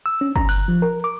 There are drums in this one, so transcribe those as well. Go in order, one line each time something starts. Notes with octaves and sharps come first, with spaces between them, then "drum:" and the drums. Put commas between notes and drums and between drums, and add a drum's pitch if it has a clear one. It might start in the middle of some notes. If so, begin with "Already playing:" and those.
E6
C#4
A#5, drum: kick
F#6, drum: open hi-hat
F3
A#4
D6